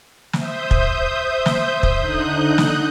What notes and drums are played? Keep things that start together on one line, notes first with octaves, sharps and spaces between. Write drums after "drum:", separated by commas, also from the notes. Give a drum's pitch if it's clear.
C5 E5 D#6 G6, drum: snare
drum: kick
drum: snare
drum: kick
D3 D#4 D#6 F#6 G6
drum: snare